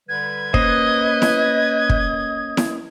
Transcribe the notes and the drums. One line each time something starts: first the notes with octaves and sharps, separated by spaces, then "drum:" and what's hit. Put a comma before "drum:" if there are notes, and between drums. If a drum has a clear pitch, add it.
D3 G3 B4 G#6
A#3 C#4 B4 C5 D#5, drum: kick
drum: snare E4
drum: kick
drum: snare E4